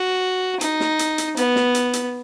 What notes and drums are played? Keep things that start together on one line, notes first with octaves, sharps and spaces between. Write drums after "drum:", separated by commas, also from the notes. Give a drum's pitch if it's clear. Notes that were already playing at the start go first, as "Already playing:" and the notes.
Already playing: F#4
D#4, drum: hi-hat
drum: snare
drum: hi-hat
drum: hi-hat
B3, drum: hi-hat
drum: snare
drum: hi-hat
drum: hi-hat